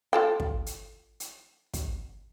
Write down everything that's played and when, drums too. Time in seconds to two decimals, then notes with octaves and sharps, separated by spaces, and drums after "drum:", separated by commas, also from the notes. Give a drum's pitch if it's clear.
0.13 F4 A4 G5
0.40 drum: kick
0.66 drum: hi-hat
1.20 drum: hi-hat
1.74 drum: kick, hi-hat